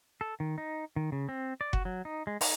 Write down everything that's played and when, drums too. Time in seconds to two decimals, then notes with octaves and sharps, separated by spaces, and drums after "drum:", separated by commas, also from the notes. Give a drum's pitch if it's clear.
0.21 A4
0.40 D#3
0.58 D#4
0.96 D#3
1.12 C#3
1.29 C4
1.61 D5
1.73 F#4, drum: kick F#1
1.85 F#3
2.05 D#4
2.27 G#3
2.41 D#4, drum: open hi-hat